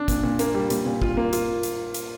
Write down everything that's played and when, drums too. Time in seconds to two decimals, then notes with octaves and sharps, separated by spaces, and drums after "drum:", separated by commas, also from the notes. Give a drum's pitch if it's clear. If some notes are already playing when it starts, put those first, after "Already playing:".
Already playing: D4
0.08 A#2, drum: kick, hi-hat
0.23 A#2
0.39 A#3, drum: hi-hat
0.55 G3
0.70 A#2, drum: hi-hat
0.85 A#2
1.02 F4, drum: kick
1.17 A#3
1.33 F4, drum: hi-hat
1.63 drum: hi-hat
1.94 drum: hi-hat